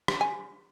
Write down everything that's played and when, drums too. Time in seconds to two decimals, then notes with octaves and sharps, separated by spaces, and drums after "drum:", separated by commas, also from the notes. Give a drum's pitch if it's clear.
0.08 drum: rim click
0.21 G#5